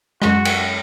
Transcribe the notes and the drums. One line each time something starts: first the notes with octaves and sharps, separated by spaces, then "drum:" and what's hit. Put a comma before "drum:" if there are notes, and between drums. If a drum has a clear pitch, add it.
F#2 G#3 F#4, drum: rim click
drum: cymbal